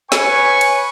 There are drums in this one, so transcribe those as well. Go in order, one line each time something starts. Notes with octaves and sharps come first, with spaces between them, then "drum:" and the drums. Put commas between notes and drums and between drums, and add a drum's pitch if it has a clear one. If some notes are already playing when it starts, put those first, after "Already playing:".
B4 C#5 G#5 C#6, drum: snare
drum: cymbal